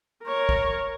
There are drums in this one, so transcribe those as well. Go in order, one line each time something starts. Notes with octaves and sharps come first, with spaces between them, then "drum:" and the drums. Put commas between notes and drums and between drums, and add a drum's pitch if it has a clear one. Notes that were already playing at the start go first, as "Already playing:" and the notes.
A#4 C#5
drum: kick